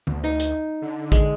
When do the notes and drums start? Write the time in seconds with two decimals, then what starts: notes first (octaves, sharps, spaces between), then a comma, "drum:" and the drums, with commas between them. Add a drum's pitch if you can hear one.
0.07 D2, drum: tom D3
0.24 D#4
0.40 drum: hi-hat
0.82 D3
1.12 G#3, drum: kick A1